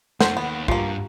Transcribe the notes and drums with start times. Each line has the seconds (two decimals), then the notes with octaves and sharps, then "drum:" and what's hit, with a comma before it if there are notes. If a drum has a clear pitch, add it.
0.20 F2 A3 C5 F#5, drum: snare
0.37 D#2 B3
0.68 G2 F3 A#3 F4 G4 G#5, drum: kick